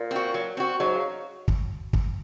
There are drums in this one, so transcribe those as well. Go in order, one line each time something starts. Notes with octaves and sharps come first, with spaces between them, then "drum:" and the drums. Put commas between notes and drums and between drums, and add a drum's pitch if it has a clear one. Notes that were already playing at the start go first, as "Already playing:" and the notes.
Already playing: A#2
C4 F#4
F#3
C4 F#4
G#2 F#3
C#3
drum: kick
drum: kick